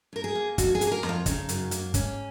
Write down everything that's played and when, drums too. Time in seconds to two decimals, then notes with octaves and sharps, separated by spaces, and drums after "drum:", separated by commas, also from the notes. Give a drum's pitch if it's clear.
0.13 F2 A#4
0.24 G#4
0.35 A#3
0.58 F2 F#4, drum: kick, hi-hat
0.75 G#4
0.81 A#3, drum: hi-hat
0.87 G#4
0.92 A#4
1.03 F2, drum: snare
1.09 F4
1.26 C#3 D#4, drum: kick, hi-hat
1.49 F#2, drum: hi-hat
1.71 A#3, drum: hi-hat
1.94 G#2 C#4, drum: kick, hi-hat